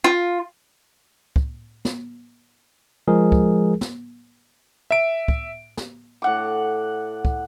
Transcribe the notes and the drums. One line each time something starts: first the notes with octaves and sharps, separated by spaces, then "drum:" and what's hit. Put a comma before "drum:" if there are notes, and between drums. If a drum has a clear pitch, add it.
F4
drum: kick
drum: snare
F3 G#3 G#4 A#4
drum: kick
drum: snare
E5 D7
drum: kick
drum: snare
A2 F#5 D6
drum: kick